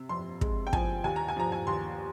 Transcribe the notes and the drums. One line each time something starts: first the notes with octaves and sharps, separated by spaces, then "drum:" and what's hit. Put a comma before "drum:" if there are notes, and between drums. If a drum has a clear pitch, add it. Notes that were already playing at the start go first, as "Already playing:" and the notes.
Already playing: C3
F2 C6
G#3, drum: kick
G5
F3 G#5, drum: kick
D#2 G#5
A#5
G#5
F3 A#5
G#5
D#2 C6